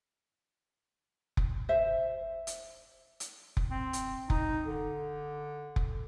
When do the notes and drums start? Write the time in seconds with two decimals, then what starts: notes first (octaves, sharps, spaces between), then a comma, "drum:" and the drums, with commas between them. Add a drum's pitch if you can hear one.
1.37 drum: kick F1
1.69 C5 E5
2.47 drum: hi-hat
3.20 drum: hi-hat
3.57 drum: kick F1
3.71 C4
3.93 drum: hi-hat
4.30 D#4, drum: kick F1
4.66 D3
5.76 drum: kick F1